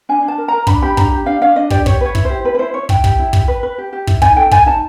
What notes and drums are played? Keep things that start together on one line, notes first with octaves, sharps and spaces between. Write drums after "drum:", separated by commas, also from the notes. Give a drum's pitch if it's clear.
D4 G#5
D4
A5
A#4
A#4 A#5
D4 B5, drum: kick
G4 B5
D4 A#5, drum: kick
G4
D4 F5
D4 F5
D4 D#5
G4 D5, drum: kick
G4 C#5, drum: kick
B4 C#5
E4, drum: kick
C5
G4
E4 B4
B4
E4 C5
E4 C#5
E4 G5, drum: kick
G4, drum: kick
E4
G4, drum: kick
B4
B4
G4
G4
E4, drum: kick
D#4 G#5, drum: kick
A4 G5
D#4 G#5, drum: kick
D#4 A5